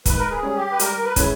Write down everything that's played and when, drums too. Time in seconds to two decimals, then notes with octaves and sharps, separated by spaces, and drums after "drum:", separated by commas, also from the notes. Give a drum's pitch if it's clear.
0.06 G#2 B4, drum: kick, hi-hat
0.18 A#4
0.30 G#4
0.43 G3 C#4
0.56 G4
0.72 B4
0.79 G3 A#4, drum: hi-hat
1.04 B4
1.16 C#4 E4 G#4, drum: kick, hi-hat